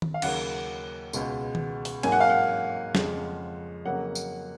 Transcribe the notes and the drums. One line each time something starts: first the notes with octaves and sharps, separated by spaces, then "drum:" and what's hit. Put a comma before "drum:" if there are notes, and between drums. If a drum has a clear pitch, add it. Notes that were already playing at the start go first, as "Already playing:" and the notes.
drum: tom D#3
F5
D#2 C#3 F#3 A#3 F#5, drum: cymbal
C#2 B2 G#3, drum: tambourine
drum: tom D#3
drum: open hi-hat
G#2 F#3 A#3 G#5, drum: cymbal
F#5
F5
F#5
F2 C#3 F3 G#3, drum: snare
F2 C#3 F#3 A#3 F#5
drum: tambourine